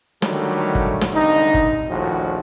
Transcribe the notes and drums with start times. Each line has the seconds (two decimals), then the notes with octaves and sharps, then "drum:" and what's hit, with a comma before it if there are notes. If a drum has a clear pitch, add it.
0.22 D3 D#3 F#3 G3 A3, drum: snare
0.75 drum: kick
1.01 drum: snare
1.14 C2 D3 D#4
1.54 drum: kick
1.88 A#1 D#2 A2 F3 F#4